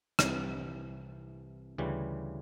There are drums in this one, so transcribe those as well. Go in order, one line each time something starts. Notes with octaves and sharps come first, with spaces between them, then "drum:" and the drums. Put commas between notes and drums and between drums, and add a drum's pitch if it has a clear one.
C2 C3 E3, drum: rim click
D2 C#3 E3 G3